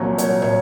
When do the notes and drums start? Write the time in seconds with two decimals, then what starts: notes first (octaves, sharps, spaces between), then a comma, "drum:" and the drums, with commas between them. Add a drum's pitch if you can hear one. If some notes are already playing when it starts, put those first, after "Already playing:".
Already playing: C2 A#2 F#3 C#5
0.18 C#5, drum: hi-hat
0.42 C#5, drum: tom